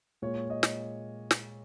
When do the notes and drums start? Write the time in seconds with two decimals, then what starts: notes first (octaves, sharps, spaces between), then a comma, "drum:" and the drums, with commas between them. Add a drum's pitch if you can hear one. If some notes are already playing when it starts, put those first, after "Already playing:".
0.22 A#2 G#3 C#5
0.50 D#5
0.63 drum: snare
1.31 drum: snare